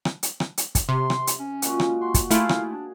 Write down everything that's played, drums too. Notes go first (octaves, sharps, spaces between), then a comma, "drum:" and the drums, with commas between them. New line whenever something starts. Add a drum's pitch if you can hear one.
drum: rim click
drum: hi-hat
drum: rim click
drum: hi-hat
drum: kick, hi-hat
C3 C6
drum: rim click
drum: hi-hat
C#4
A#2 G#3 F#4, drum: hi-hat
drum: rim click
F#4 C6
drum: kick, hi-hat
A3 E4 F4 G#4 F5, drum: hi-hat
drum: rim click
D4